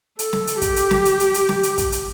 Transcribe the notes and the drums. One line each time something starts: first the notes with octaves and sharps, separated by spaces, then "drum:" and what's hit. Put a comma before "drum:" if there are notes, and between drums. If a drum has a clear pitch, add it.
A4, drum: hi-hat
drum: snare
drum: hi-hat
G4, drum: kick, hi-hat
drum: hi-hat
drum: snare
drum: hi-hat
drum: hi-hat
drum: hi-hat
drum: snare
drum: hi-hat
drum: kick, hi-hat
drum: hi-hat